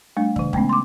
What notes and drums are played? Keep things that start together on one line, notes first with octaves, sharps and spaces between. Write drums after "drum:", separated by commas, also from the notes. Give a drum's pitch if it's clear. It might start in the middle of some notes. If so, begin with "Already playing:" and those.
G3 A3 D4
C#3 E3, drum: kick
G#3 A3 B3 C#4, drum: kick
C6 D6